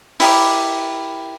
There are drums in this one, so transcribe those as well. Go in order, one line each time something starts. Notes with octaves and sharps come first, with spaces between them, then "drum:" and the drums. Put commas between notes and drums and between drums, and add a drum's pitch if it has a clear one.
E4 G4 A#4 D6, drum: open hi-hat